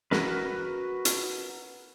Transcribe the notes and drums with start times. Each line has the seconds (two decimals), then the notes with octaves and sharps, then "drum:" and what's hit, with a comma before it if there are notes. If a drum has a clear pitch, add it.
0.11 F#4 A#4 B4, drum: snare
1.05 drum: hi-hat